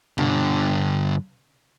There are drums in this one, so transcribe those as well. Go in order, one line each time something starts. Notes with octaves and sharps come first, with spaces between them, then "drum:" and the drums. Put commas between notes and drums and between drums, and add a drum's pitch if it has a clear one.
G2 D3, drum: tom B2